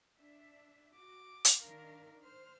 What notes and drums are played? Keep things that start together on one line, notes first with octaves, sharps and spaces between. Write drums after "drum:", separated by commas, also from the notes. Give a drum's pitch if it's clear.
D4 E5
F#4 D6
drum: hi-hat
D#3 D4 A#4 F5
C5 F6